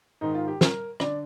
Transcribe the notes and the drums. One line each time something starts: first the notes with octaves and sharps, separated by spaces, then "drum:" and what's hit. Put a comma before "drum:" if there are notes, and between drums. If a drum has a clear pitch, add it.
G#2 D#3 D#4
F4
G4
A#4, drum: snare
D3 D5, drum: rim click